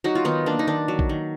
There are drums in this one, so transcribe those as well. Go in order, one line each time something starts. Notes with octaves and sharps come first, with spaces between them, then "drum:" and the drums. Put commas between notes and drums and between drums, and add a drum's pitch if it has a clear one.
F#3 D#4 F#4
F4
D#3 B3 D#4
A#3 D4
D#4
D#3 D4
F#3
drum: kick A1
D#3